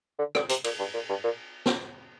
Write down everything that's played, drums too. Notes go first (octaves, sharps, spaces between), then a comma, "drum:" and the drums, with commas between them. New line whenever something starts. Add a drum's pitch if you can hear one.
D3
D3, drum: rim click
C3, drum: hi-hat
A#2, drum: cymbal
G2
A#2
G2
A#2
drum: snare